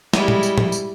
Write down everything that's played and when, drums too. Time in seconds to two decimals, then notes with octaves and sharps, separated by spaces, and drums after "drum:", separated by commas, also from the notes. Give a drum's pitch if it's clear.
0.13 G3 G#3 E4, drum: snare
0.28 drum: tom
0.43 drum: tambourine
0.58 drum: tom
0.72 drum: tambourine